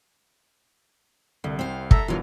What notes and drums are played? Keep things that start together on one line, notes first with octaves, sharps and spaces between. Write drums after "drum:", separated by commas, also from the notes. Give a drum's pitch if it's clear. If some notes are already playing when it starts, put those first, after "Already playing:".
C2 D3
C4 F5
A4 E5 A#5, drum: kick
G2 B2 E3 F#3 F4 A#4